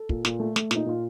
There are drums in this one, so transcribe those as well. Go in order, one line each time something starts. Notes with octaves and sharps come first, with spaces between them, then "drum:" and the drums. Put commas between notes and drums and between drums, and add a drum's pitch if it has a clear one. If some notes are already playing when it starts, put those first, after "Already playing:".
Already playing: A4
A#2, drum: kick
A#2, drum: snare
A3
A3, drum: snare
A#2 D#4, drum: snare
A#2 F4